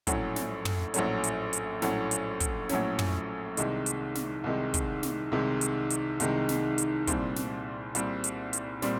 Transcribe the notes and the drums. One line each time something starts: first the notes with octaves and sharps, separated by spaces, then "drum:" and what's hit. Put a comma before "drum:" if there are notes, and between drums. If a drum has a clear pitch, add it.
A#1 A2 F#3 A3 C#4, drum: kick, hi-hat
drum: snare
drum: tom
A#1 A2 F#3 A3 C#4, drum: hi-hat
drum: hi-hat
drum: hi-hat
A#1 A2 F#3 A3 C#4, drum: snare
drum: hi-hat
drum: kick, hi-hat
A#1 A2 F#3 A3 C#4, drum: snare
drum: tom
C2 C3 D#3 G#3, drum: hi-hat
drum: hi-hat
drum: snare
C2 C3 D#3 G#3
drum: kick, hi-hat
drum: snare
C2 C3 D#3 G#3
drum: hi-hat
drum: hi-hat
C2 C3 D#3 G#3, drum: hi-hat
drum: snare
drum: hi-hat
C2 A#2 G3 C4, drum: kick, hi-hat
drum: snare
C2 A#2 G3 C4, drum: hi-hat
drum: hi-hat
drum: hi-hat
A#2 G3 C4, drum: snare